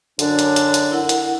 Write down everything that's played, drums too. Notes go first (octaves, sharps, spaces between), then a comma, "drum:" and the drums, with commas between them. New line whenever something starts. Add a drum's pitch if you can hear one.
F#2 D3 D4, drum: hi-hat
drum: hi-hat
drum: hi-hat
drum: hi-hat
E4 A#4 F#5
drum: hi-hat